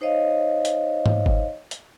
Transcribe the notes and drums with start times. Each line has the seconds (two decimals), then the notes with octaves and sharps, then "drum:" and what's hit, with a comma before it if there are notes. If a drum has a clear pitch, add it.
0.01 D#4 C5 C#5 D#5 F5
0.65 drum: hi-hat
1.06 drum: tom G#2
1.26 drum: kick G1
1.71 drum: hi-hat